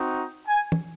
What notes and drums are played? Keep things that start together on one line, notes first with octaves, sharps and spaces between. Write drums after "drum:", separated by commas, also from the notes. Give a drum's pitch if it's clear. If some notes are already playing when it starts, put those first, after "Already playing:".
Already playing: C4 D#4 F#4
G#5
drum: tom